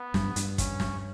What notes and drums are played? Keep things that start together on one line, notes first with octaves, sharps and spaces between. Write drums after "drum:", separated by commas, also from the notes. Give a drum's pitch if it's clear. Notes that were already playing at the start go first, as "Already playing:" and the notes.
Already playing: B3
G2, drum: snare
G2, drum: hi-hat
C#4, drum: kick, hi-hat
drum: snare